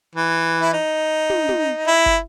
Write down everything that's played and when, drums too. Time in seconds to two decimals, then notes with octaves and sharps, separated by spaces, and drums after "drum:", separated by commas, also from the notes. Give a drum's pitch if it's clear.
0.16 E3
0.61 E4
0.73 D#4
1.30 drum: tom
1.49 drum: tom
1.87 E4
2.06 drum: kick